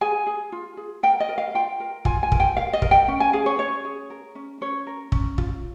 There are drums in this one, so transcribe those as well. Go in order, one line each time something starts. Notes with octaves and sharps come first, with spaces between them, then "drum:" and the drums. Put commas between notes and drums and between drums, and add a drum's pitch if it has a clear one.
G#4 G#5
G#4
F4
G#4
A#4 G5
D#5
A#4
F5
F4 G5
A#4
F4 G#5, drum: kick
G#5
A#4, drum: kick
G5
A#4 F5
D#5
A#4, drum: kick
G5
C#4
G#5
G#4 F5
C#5
C#4 C#5
G#4
A#4
C#4
C#4 C#5
A#4
C#4, drum: kick
F4, drum: kick